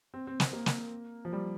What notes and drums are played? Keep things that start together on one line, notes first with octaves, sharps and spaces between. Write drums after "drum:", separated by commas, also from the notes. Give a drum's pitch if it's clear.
C4
C4
C4, drum: snare
A#3
drum: snare
F3
G3